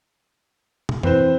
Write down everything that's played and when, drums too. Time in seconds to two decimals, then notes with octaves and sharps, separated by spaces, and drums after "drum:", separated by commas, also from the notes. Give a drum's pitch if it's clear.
0.89 drum: tom
1.03 E3 C4 B4 C5, drum: tom